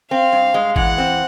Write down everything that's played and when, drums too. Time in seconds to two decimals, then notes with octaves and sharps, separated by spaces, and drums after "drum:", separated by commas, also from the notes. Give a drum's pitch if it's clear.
0.11 C4 F5
0.32 G2
0.54 G#3
0.76 E3 F#5, drum: kick
0.98 C4